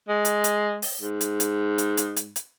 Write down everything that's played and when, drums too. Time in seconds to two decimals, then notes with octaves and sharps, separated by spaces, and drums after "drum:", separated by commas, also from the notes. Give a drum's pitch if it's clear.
0.08 G#3
0.25 drum: hi-hat
0.44 drum: hi-hat
0.82 drum: open hi-hat
1.01 G#2
1.21 drum: hi-hat
1.40 drum: hi-hat
1.78 drum: hi-hat
1.97 drum: hi-hat
2.16 drum: hi-hat
2.36 drum: hi-hat